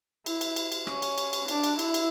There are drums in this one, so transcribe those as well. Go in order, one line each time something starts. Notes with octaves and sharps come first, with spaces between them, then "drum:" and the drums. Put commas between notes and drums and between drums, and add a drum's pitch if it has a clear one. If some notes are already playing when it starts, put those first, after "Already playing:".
E4, drum: cymbal
drum: cymbal
drum: cymbal
drum: cymbal
C#4, drum: rim click
drum: cymbal
drum: cymbal
drum: cymbal
D4, drum: cymbal
drum: cymbal
E4, drum: cymbal
drum: cymbal